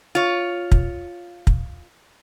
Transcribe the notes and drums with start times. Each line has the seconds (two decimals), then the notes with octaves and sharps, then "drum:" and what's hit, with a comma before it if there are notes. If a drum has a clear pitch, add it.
0.15 F4 C#5
0.72 drum: kick
1.47 drum: kick